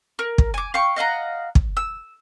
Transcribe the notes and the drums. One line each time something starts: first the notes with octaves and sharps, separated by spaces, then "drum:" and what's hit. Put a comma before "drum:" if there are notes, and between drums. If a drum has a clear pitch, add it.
A#4
drum: kick
G#5 D6
F5 G5 C#6
D#5 F5 F#5 A#5
drum: kick
E6